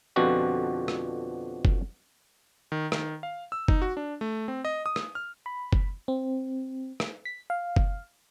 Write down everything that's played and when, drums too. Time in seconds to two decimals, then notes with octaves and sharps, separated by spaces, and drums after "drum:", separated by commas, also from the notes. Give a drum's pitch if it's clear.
0.16 F2 B2 D3 F3 F#4 G4
0.88 drum: rim click
1.65 drum: kick F#1
2.72 D#3
2.92 D#3, drum: rim click
3.23 F5
3.52 E6
3.68 D#4, drum: kick F#1
3.82 F#4
3.97 D4
4.21 A3
4.48 C4
4.65 D#5
4.86 D#6
4.96 drum: rim click
5.15 F6
5.46 B5
5.73 drum: kick F#1
6.08 C4
7.00 drum: rim click
7.25 B6
7.50 F5
7.76 drum: kick F#1